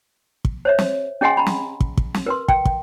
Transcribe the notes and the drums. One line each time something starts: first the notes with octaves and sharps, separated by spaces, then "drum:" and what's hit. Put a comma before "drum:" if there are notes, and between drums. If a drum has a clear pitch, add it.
drum: kick
C5 C#5 E5
drum: snare
C#4 G#4 D#5 F#5 G#5 C6
A#5 B5
drum: snare
drum: kick
drum: kick
drum: snare
A#4 B4 C6
G5, drum: kick
drum: kick